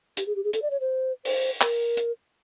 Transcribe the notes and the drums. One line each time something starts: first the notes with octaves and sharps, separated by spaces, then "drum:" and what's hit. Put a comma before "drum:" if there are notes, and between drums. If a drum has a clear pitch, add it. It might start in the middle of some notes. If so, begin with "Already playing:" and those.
G4, drum: hi-hat
G#4
G4
G#4
A4, drum: hi-hat
D5
C#5
C5
C5, drum: open hi-hat
A#4, drum: clap
drum: hi-hat